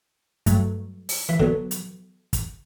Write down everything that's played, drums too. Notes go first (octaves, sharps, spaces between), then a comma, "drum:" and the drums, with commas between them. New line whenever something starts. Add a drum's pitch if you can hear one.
G2 F#3 A3, drum: kick, hi-hat
drum: open hi-hat
E3
D3 F#3 B3, drum: kick
drum: hi-hat
drum: kick, hi-hat